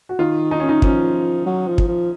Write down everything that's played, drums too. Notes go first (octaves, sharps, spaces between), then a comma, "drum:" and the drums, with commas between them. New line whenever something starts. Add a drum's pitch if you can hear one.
F#4
D#3 F4
D#4
C#4
D#4
F3 C#4, drum: kick
F#3
F3
drum: kick
F3